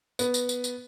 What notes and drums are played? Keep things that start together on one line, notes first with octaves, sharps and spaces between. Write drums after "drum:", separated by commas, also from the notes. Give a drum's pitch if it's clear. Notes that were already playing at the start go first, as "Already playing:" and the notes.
B3, drum: tambourine
drum: tambourine
drum: tambourine
drum: tambourine